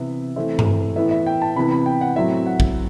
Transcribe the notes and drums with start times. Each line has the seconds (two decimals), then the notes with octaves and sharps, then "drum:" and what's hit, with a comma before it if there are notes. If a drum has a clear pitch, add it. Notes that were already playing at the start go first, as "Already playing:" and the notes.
Already playing: C3 E3 B3 E5
0.36 E3 A3 C4 E5
0.59 drum: tom G2
0.96 A2 E3 B3 E5
1.11 E5
1.27 G5
1.42 A5
1.56 C3 E3 B3 B5
1.71 B5
1.86 G5
2.01 F#5
2.16 A2 F#3 C4 E5
2.47 F#5
2.60 drum: kick